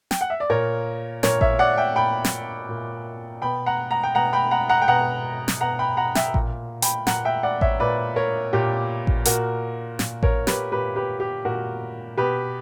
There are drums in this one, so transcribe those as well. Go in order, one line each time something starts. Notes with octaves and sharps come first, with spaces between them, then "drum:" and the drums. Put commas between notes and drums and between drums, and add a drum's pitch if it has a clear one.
G5, drum: snare
F#5
E5
D5
A#2 A#4 C#5
A#2 A#4 C#5, drum: snare
C#5 E5, drum: kick A1
D5 F#5
E5 G5
A#2 G5 B5
drum: snare
A#2
B2 G5 B5
F#5 A#5
F#5 A#5
G5
B2 F#5 A#5
G5 B5
F#5 A#5
F#5 A#5
G5
B2 F#5 A#5
drum: snare
B2 F#5 A#5
G5 B5
F#5 A#5
E5 G5, drum: snare
A#2, drum: kick A1
G5 B5, drum: hi-hat
A#2 F#5 A#5, drum: snare
E5 G5
D5 F#5
C#5 E5, drum: kick A1
A#2 B4 D5
A#4 C#5
A#2 G4
drum: kick A1
A#2 F#4 A#4, drum: hi-hat
A#2, drum: snare
A#4 C#5, drum: kick A1
G4 B4, drum: snare
A#2 G4 B4
G4 B4
G4
A#2 F#4 A#4
B2 G4 B4